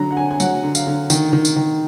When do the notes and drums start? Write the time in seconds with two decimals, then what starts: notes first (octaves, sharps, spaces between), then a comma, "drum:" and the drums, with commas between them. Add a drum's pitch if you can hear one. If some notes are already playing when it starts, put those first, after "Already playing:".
Already playing: D3 F#3 A#5
0.11 F#5
0.16 D3 G#5
0.31 G#5
0.40 F#3 F#5, drum: tambourine
0.63 D3
0.75 F5, drum: tambourine
0.87 D3
1.10 D#3, drum: tambourine
1.33 D#3
1.45 drum: tambourine
1.56 D#3